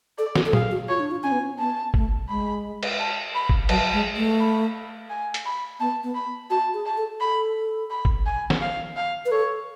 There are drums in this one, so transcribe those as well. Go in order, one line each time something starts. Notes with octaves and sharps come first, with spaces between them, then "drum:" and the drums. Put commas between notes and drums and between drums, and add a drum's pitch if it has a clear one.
A4 D5
F#4, drum: snare
A4
G#4 F5, drum: tom A#2
F#4
F4 C#5
D4
F4
C#4 G#5
B3
C#4
B3 A5
A3, drum: kick G1
G#3 B5
drum: cymbal
A5
B5
drum: kick G1
F#3 A5, drum: cymbal
G#3
A3
B5
G#5
drum: hi-hat
B5
B3 A5
B3
B5
F#4 A5
G#4
A5
A4
A4 B5
B5
drum: kick G1
G#5
drum: snare
F5
F5
B4
A4 C#5